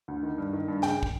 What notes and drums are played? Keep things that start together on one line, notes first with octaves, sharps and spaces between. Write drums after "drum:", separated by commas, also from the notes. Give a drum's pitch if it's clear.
D2
D#3
G2
D#3
G2
C#3 G5, drum: snare
drum: kick